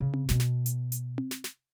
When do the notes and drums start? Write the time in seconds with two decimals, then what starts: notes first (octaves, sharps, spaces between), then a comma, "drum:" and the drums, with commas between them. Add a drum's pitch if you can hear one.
0.01 C#3
0.14 drum: tom C4
0.29 B2 B3, drum: snare
0.40 drum: snare
0.66 drum: hi-hat
0.92 drum: hi-hat
1.18 drum: tom C4
1.31 drum: snare
1.44 drum: snare